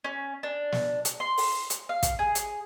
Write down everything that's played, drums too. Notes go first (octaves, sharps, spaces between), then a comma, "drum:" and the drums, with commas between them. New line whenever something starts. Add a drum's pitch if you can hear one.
C#4
D4
drum: snare
drum: hi-hat
C6
drum: open hi-hat
drum: hi-hat
F5
drum: kick, hi-hat
G#4
drum: hi-hat